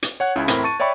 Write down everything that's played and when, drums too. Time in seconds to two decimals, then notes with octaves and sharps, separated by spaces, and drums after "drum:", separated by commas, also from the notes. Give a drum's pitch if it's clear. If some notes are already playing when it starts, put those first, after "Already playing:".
0.03 drum: hi-hat
0.20 C#5 F#5 F#6 G#6
0.36 C#2 C#3 E4
0.48 E2 A2 C4 E4 A#4 B5, drum: hi-hat
0.64 A5 C#6 A6 D#7
0.80 C#5 D5 E5 G5 B5 C#6